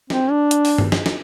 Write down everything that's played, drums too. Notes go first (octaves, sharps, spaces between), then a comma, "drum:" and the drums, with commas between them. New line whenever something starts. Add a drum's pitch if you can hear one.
C4, drum: snare
D4
drum: hi-hat
drum: open hi-hat
drum: tom G2
drum: snare
drum: snare